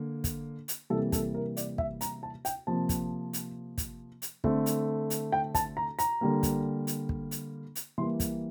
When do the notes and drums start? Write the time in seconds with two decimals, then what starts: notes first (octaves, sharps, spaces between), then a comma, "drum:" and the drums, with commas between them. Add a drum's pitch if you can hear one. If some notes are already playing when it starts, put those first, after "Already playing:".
Already playing: D3 A#3
0.24 drum: kick, hi-hat
0.68 drum: hi-hat
0.90 C3 E3 G3 A#3 A4
1.12 A4, drum: kick, hi-hat
1.35 A#4
1.57 D5, drum: hi-hat
1.78 E5, drum: kick
2.01 A#5, drum: hi-hat
2.23 A5
2.45 G5, drum: hi-hat
2.67 C3 F3 A#3 A5
2.89 drum: kick, hi-hat
3.33 drum: hi-hat
3.78 drum: kick, hi-hat
4.22 drum: hi-hat
4.44 D3 A3 C4, drum: kick
4.66 drum: hi-hat
5.10 drum: hi-hat
5.32 G5
5.55 A5, drum: kick, hi-hat
5.77 A#5
5.99 A#5, drum: hi-hat
6.21 D3 G3 A#3
6.43 drum: kick, hi-hat
6.87 drum: hi-hat
7.09 drum: kick
7.31 drum: hi-hat
7.76 drum: hi-hat
7.98 E3 G3 A#3 C6
8.20 drum: kick, hi-hat